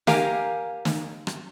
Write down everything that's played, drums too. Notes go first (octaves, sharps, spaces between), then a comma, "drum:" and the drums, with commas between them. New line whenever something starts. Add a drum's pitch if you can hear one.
A#3 G4 A#4 F5 G#5, drum: snare
drum: snare
drum: rim click